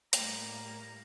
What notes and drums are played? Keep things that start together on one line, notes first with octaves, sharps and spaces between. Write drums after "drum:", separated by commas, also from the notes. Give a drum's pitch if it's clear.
A2 G3 A#3 A#5, drum: hi-hat